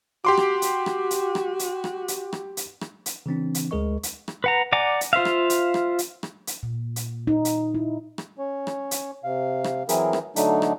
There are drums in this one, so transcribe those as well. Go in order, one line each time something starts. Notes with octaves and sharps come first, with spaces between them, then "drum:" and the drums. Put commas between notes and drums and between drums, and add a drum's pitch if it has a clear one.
F#4 G4 C6 D6
drum: rim click
drum: hi-hat
drum: rim click
drum: hi-hat
drum: rim click
drum: hi-hat
drum: rim click
drum: hi-hat
drum: rim click
drum: hi-hat
drum: rim click
drum: hi-hat
C#3 E3 C4 D4
drum: hi-hat
D2 G#3 G#4 A#4 D#5 C#6
drum: hi-hat
drum: rim click
B4 F#5 A#5
D5 F#5 G#5 A#5 D6
drum: hi-hat
F4 C5 E5 F5
drum: rim click
drum: hi-hat
drum: rim click
drum: hi-hat
drum: rim click
drum: hi-hat
A#2
drum: hi-hat
D#4
drum: hi-hat
E4
drum: rim click
C#4 C#5
drum: rim click
drum: hi-hat
C3 F5
drum: rim click
E3 F#3 C4 E4 G#4 A#4, drum: hi-hat
drum: rim click
D3 F#3 A3 D4 D#4, drum: hi-hat
drum: rim click